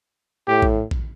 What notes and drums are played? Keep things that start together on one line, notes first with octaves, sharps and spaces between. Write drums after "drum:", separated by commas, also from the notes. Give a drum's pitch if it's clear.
A2 G4
drum: kick A#1
drum: kick A#1